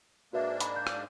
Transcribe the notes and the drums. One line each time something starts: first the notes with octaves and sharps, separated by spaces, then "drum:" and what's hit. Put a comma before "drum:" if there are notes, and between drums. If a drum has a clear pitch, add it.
G#2 A#3 D4 F#4 B4 E5
B5, drum: hi-hat
G6
drum: rim click